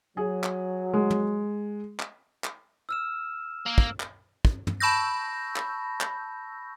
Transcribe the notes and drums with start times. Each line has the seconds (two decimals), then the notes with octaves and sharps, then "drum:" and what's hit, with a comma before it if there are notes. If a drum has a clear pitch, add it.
0.17 F#3 G#4
0.44 drum: clap
0.93 G#3
1.10 drum: tom
2.00 drum: clap
2.44 drum: clap
2.89 E6 F6 E7
3.66 A#3
3.78 drum: kick
4.00 drum: clap
4.45 drum: kick
4.67 drum: tom
4.80 A5 B5 C#6 E6 G6 A#6
5.56 drum: clap
6.01 drum: clap